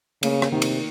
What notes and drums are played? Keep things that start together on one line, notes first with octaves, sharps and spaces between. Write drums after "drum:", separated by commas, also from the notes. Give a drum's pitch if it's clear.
C#3 A#3, drum: cymbal
drum: rim click
C3 D#3
drum: cymbal